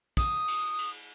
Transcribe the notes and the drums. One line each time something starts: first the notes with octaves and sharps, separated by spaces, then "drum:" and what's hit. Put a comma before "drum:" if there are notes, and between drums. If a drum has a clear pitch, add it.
D#6, drum: kick, cymbal
drum: cymbal
drum: cymbal